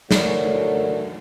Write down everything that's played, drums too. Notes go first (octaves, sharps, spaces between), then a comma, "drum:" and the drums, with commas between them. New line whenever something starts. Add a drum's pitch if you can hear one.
D3 A3 F#4 A#4 C#5 D5, drum: snare